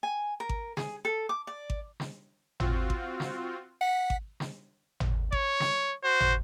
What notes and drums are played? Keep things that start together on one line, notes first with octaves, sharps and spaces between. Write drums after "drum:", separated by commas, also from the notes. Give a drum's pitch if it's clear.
G#5
A#4
drum: kick G#1
G#4, drum: snare
A4
D6
D5
drum: kick G#1
drum: snare
C4 F4 F#4, drum: tom G#1
drum: kick G#1
drum: snare
F#5 B6
drum: kick G#1
drum: snare
drum: tom G#1
C#5, drum: kick G#1
drum: snare
F#4 C5
drum: tom G#1